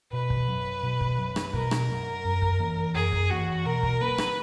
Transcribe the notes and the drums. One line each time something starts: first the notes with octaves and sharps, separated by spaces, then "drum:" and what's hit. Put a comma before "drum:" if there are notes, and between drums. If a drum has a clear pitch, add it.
B2 B4
drum: kick
F#3 C#4
B2
drum: kick
F#3 C#4
drum: rim click
B2 A#4, drum: kick
drum: rim click
F#3 C#4
F#2
drum: kick
E3 A#3
F#2 G#4
drum: kick
E3 A#3 F#4
B2 A#4
drum: kick
A#3 C#4 B4
drum: rim click